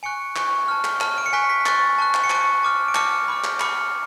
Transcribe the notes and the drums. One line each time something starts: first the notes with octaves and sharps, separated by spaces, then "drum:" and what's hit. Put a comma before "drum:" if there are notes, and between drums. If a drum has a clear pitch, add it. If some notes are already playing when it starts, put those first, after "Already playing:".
G#5 C#6 F#6 C#7
G#5 C#6 F#6, drum: clap
A5 F6
drum: clap
A5 F6, drum: clap
D7
C#7
G#5 C#6 F#6 B6
B6
G#5 C#6 F#6 A6, drum: clap
A5 C#6 F#6
drum: clap
C#7
A5 C#6 F#6 D7, drum: clap
A5 D6 F6
D7
A5 D6 F6 C#7, drum: clap
B5 D6 F6
drum: clap
B5 D6 F6 C#7, drum: clap